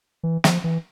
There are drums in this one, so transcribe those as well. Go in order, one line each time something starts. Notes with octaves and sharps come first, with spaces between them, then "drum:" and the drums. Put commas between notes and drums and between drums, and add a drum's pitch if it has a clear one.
E3
F3, drum: snare
E3